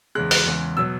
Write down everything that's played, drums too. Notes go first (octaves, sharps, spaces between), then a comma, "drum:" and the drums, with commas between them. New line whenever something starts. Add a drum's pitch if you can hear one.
E2 C#3 G#3 F#6
F#6, drum: open hi-hat
E2 C#3 G#3
B2 F#3 E6